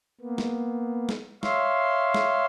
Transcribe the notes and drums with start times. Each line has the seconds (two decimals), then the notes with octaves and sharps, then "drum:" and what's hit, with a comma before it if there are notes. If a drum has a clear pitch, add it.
0.21 A#3 B3
0.38 drum: snare
1.09 drum: snare
1.43 C#5 E5 F5 C6, drum: snare
2.14 drum: snare